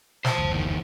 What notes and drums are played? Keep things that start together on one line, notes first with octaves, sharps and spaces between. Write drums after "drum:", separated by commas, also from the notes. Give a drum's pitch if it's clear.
C5 A5, drum: snare
F#1 D2
E2 D#3